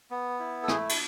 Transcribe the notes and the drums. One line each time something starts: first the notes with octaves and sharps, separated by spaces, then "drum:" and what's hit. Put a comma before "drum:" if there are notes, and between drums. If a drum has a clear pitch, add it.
B3
E4
A4
A3 G#4, drum: rim click
drum: cymbal